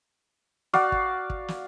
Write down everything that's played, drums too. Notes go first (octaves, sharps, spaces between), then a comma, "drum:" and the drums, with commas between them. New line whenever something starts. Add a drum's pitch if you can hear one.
F#4 D5 F5, drum: snare
drum: kick
drum: kick
drum: snare